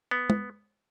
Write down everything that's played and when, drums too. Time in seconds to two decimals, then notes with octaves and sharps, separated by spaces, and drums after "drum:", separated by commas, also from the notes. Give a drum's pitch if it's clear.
0.11 B3
0.30 drum: tom